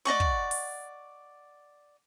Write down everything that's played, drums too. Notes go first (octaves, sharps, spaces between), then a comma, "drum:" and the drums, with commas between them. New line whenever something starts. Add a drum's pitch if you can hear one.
D5 D#5 F#5 C#6, drum: snare
drum: kick
drum: open hi-hat